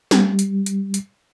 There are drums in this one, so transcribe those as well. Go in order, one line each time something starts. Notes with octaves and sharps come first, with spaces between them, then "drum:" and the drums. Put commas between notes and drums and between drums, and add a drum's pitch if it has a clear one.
G3, drum: snare
drum: hi-hat
drum: hi-hat
drum: hi-hat